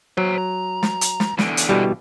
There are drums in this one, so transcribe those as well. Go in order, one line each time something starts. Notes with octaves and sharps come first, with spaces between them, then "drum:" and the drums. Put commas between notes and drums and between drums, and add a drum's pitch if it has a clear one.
F#3 C5 A#5
A#5
drum: snare
drum: hi-hat
drum: snare
E2 D3, drum: snare
drum: hi-hat
B2 E3 G3